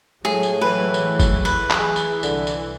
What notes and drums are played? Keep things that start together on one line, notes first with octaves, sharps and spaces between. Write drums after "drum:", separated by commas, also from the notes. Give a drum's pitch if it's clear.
A2 F#3 G#3 A3 G#4
drum: tambourine
E3 B4
drum: tambourine
drum: kick, tambourine
B4, drum: tambourine
drum: clap
G#4
drum: tambourine
C2 D3, drum: tambourine
drum: tambourine